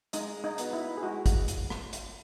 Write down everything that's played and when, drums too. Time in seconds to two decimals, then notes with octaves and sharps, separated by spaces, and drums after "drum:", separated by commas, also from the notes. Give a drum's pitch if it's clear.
0.13 G#3 D#4, drum: hi-hat
0.44 D#4
0.58 B3 F#4, drum: hi-hat
0.73 E4
0.97 G#4
1.03 G#3 F#4
1.26 drum: kick G#1, hi-hat
1.48 drum: hi-hat
1.70 drum: rim click
1.93 drum: hi-hat